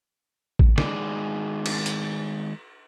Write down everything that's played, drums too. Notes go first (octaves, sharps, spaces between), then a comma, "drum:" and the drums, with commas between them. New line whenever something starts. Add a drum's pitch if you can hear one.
drum: kick
D#3 G#3 B3 D5, drum: snare
drum: cymbal
drum: hi-hat